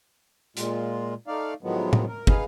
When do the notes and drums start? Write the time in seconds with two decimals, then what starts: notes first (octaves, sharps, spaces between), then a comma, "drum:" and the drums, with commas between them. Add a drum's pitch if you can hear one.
0.57 A#2 G#3 F4, drum: hi-hat
1.27 A3 D#4 D5 F5
1.63 A2 D#3 F3 F#3 G#3 B3
1.93 drum: tom A2
2.08 A#4
2.27 D#4 G#4 B4 F5, drum: kick